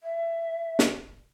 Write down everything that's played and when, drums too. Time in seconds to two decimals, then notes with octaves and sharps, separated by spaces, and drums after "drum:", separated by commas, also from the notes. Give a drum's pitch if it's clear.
0.03 E5
0.79 drum: snare